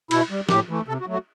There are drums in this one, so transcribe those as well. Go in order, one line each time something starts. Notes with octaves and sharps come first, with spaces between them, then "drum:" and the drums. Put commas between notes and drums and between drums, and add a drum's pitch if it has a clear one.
B2 E4, drum: cymbal
G3
A2 G4, drum: snare
E3 A3
C3 A4
F#4
F#3 A3
F#4